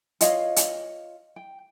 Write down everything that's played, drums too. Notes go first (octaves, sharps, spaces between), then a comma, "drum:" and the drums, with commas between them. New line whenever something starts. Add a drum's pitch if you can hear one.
F4 C#5 D#5 F5, drum: hi-hat
drum: hi-hat
G5